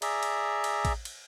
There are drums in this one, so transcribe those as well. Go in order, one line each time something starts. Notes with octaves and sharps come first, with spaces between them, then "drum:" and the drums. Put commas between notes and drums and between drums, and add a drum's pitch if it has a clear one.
G#4 D5 E5 A#5, drum: cymbal
drum: cymbal
drum: cymbal
drum: kick A1, cymbal
drum: cymbal